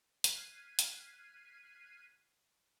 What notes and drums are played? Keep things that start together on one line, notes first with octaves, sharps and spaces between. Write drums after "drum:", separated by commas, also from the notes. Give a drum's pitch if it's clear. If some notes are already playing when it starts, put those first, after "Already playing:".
F6 F#6 G#6 B6 C7 D#7, drum: hi-hat
drum: hi-hat